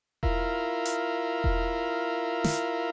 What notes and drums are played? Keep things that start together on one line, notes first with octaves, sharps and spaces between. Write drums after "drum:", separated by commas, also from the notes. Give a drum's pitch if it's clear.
E4 F4 A#4, drum: kick E1
drum: hi-hat
drum: kick E1
drum: snare